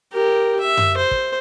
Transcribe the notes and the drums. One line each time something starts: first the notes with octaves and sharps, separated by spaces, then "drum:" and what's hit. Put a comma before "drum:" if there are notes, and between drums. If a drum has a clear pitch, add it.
G4 A#4
E5
drum: tom F#2
C5
drum: kick